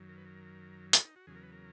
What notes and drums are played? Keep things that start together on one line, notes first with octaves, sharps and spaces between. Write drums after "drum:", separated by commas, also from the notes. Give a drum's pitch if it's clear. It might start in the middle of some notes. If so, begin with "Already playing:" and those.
Already playing: F#2 D#3 F#3
A#4
B4
A#4
F#4, drum: hi-hat
D#4
F#4
E2 C#3 F#3 G#4
A#4
B4
A#4